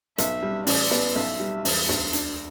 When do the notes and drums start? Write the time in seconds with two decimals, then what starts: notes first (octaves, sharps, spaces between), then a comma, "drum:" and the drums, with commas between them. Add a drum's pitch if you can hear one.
0.18 B1 E5, drum: hi-hat
0.42 G3
0.67 A1 D5, drum: open hi-hat
0.91 B3, drum: snare
1.16 B1 E5
1.40 G3
1.65 E1, drum: open hi-hat
1.89 D2, drum: snare
2.13 D4, drum: hi-hat